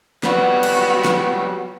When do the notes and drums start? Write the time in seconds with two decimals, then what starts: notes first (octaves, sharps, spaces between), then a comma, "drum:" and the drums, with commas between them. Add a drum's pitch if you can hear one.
0.23 F#3 G3 B3 F#4, drum: snare
0.63 drum: cymbal
1.05 drum: snare